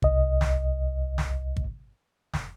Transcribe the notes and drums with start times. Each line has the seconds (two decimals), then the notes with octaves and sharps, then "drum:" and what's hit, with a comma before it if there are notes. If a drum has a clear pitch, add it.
0.02 C2 D#5, drum: kick
0.41 drum: snare
1.18 drum: snare
1.56 drum: kick
2.34 drum: snare